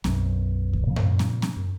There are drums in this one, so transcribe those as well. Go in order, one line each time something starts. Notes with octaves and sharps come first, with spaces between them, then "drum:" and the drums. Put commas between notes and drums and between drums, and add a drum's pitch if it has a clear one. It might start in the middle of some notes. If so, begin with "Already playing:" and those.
B1 F#2, drum: snare C4
drum: kick C#2
A#2 C#3 F3
drum: tom F#2
drum: snare C4
drum: snare C4
F#2